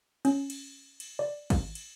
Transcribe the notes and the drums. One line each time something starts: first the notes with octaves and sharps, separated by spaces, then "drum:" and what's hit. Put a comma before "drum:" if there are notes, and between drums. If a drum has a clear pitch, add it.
C#4, drum: cymbal
drum: cymbal
drum: cymbal
D5
drum: kick G#1, cymbal
drum: cymbal